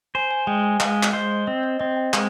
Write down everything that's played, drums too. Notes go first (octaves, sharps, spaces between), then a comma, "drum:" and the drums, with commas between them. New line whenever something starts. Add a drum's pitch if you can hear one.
C5 G#5
G#5
G#3 G5
G#5
G#3 F5, drum: clap
drum: clap
C5 D#5
C4 D#5
D#5
C4 D#5
G5
G#3 D#5, drum: clap